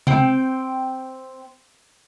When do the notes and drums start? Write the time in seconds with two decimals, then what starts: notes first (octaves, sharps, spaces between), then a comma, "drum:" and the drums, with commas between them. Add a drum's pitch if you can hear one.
0.07 C4 G5, drum: tom C3